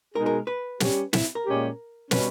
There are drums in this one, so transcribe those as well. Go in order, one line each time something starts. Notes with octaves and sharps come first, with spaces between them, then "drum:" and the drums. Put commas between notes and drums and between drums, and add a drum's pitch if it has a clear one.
B2 G#3 D#4 G#4 A#4
A#4
B4
G3 C#4 G4, drum: snare
E4, drum: snare
A#4
A#2 G#3 C#4 G4
B2 G3 C#4 B4, drum: snare